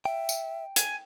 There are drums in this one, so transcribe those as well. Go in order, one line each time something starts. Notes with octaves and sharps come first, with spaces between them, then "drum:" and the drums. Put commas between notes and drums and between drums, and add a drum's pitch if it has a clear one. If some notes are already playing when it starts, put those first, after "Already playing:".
E5 G5
drum: tambourine
G#5, drum: hi-hat